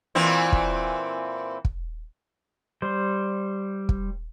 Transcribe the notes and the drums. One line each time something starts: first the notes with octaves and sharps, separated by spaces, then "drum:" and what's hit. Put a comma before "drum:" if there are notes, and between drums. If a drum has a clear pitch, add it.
A#2 E3 C4
drum: kick
drum: kick
G3 C5
drum: kick